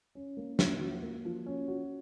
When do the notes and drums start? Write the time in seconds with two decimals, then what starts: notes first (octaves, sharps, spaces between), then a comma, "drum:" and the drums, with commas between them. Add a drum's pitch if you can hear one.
0.15 C#4
0.37 A#3
0.59 F3, drum: snare
0.81 F#4
1.03 A#3
1.25 F3
1.46 C#4
1.68 F#4